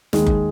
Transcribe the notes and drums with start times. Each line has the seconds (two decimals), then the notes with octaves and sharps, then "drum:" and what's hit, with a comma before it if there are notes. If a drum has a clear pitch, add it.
0.13 D#2 D#3 G#3, drum: snare
0.27 drum: kick F#1